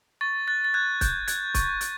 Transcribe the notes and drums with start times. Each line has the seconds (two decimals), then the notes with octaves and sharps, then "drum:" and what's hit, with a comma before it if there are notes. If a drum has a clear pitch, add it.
0.21 C#6 A6
0.47 F#6 A6
0.64 A6
0.74 F#6 G#6
1.01 F#6 G6, drum: kick C#1, hi-hat
1.28 F#6 G#6, drum: hi-hat
1.54 C#6, drum: kick C#1, hi-hat
1.81 F#6, drum: hi-hat